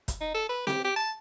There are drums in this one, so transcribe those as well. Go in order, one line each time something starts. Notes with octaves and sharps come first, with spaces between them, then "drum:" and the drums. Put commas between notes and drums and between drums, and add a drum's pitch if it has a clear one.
drum: kick, hi-hat
D#4
A4
B4
G4, drum: snare C4
G4
A5